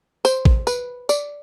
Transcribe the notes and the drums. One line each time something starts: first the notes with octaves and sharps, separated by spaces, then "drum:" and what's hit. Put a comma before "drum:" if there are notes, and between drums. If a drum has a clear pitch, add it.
C5, drum: tambourine
drum: kick
B4, drum: tambourine
D5, drum: tambourine